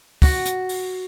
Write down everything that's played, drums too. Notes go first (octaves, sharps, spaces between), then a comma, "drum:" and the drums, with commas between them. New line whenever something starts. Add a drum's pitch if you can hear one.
F#4, drum: kick, open hi-hat
drum: hi-hat
drum: open hi-hat